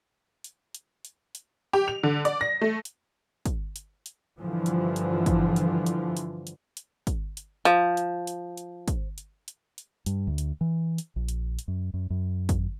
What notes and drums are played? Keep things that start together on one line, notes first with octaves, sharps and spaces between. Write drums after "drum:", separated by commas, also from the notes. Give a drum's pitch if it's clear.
drum: hi-hat
drum: hi-hat
drum: hi-hat
drum: hi-hat
G4
F7
D3
D5, drum: hi-hat
A#6
A3
drum: hi-hat
drum: kick, hi-hat
drum: hi-hat
drum: hi-hat
G2 D3 E3 F3
drum: hi-hat
drum: hi-hat
drum: kick, hi-hat
drum: hi-hat
drum: hi-hat
drum: hi-hat
drum: hi-hat
drum: hi-hat
drum: kick, hi-hat
drum: hi-hat
F3, drum: hi-hat
drum: hi-hat
drum: hi-hat
drum: hi-hat
drum: kick, hi-hat
drum: hi-hat
drum: hi-hat
drum: hi-hat
G2, drum: hi-hat
D2
drum: hi-hat
E3
drum: hi-hat
A#1
drum: hi-hat
drum: hi-hat
F#2
F#2
F#2
drum: kick, hi-hat